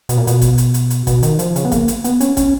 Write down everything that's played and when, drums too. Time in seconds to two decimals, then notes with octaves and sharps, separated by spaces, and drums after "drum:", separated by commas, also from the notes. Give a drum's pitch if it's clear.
0.09 B2, drum: hi-hat
0.17 A#2
0.27 B2, drum: hi-hat
0.42 drum: kick, hi-hat
0.58 drum: hi-hat
0.74 drum: hi-hat
0.90 drum: hi-hat
1.07 B2, drum: kick, hi-hat
1.23 D#3, drum: hi-hat
1.39 F3, drum: hi-hat
1.56 C#3, drum: hi-hat
1.65 B3
1.72 A#3, drum: kick, hi-hat
1.88 drum: hi-hat
2.04 B3, drum: hi-hat
2.20 C#4, drum: hi-hat
2.37 C#4, drum: kick, hi-hat